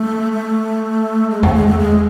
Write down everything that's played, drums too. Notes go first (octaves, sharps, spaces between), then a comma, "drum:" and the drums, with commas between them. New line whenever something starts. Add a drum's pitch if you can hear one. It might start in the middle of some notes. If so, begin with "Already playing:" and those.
Already playing: A3
A3
G#3
A3, drum: tom E2
G#3
A3
G#3